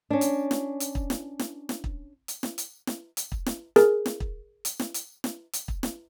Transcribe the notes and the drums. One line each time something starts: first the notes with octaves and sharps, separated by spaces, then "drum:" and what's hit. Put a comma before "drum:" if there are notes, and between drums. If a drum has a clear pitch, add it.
C#4 D4
drum: hi-hat
drum: snare
drum: hi-hat
drum: kick
drum: snare
drum: snare
drum: snare
drum: kick
drum: hi-hat
drum: snare
drum: hi-hat
drum: snare
drum: hi-hat
drum: kick
drum: snare
G#4 A#4, drum: snare
drum: snare
drum: kick
drum: hi-hat
drum: snare
drum: hi-hat
drum: snare
drum: hi-hat
drum: kick
drum: snare